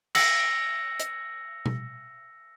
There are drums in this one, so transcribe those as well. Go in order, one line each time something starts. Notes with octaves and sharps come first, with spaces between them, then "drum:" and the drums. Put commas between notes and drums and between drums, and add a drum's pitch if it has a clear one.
E6 A#6 C#7 F#7, drum: cymbal
drum: hi-hat
drum: tom B2